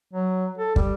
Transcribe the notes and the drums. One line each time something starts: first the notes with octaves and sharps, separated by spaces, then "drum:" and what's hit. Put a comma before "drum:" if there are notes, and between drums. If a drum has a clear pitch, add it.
F#3
A4
G3, drum: kick